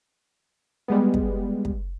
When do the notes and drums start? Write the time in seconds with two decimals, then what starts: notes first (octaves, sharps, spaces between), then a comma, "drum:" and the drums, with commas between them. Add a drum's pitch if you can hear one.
0.88 G3 G#3 B3
1.14 drum: kick
1.65 drum: kick